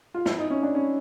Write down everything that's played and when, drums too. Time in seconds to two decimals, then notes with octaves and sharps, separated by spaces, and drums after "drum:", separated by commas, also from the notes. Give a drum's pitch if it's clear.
0.14 F4
0.26 E4, drum: snare
0.39 D#4
0.50 C#4
0.63 D4
0.75 C#4